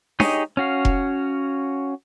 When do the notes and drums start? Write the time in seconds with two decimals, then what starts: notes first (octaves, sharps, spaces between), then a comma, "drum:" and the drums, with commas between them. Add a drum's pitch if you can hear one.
0.20 D#4 G4 G#4 C#5 D#5, drum: snare D4
0.57 C#4 F#4 F5
0.85 drum: kick F1